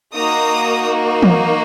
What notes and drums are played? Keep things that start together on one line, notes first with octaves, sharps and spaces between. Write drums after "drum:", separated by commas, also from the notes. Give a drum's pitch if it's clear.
A#3 D#4 F#4 A#5 D#6
drum: tom E3